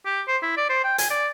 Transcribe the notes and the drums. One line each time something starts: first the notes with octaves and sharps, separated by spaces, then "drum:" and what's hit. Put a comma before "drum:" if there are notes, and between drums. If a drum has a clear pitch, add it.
G4
C5
E4
D5
C5
G5
G#5, drum: hi-hat
D5